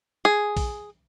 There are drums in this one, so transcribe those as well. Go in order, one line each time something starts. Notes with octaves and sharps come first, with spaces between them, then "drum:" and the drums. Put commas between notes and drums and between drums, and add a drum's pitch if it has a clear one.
G#4
drum: kick A#1, open hi-hat